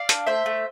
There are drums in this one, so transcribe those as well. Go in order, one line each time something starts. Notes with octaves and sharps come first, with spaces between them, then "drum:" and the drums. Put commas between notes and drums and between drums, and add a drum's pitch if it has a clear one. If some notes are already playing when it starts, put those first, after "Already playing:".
Already playing: D5 F5
D4, drum: hi-hat
A3 C5 E5
A3